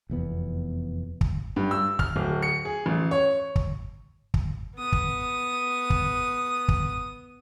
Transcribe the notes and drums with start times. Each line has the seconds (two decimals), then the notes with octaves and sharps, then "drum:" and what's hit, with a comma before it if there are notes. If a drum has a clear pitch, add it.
0.09 F1 E2 B3
1.21 drum: kick
1.56 G2
1.71 E6
1.99 F6, drum: kick
2.16 D1
2.43 C#7
2.65 G#4
2.86 A1
3.11 C#5
3.56 drum: kick
4.34 drum: kick
4.77 B3 D#6
4.92 drum: kick
5.90 drum: kick
6.68 drum: kick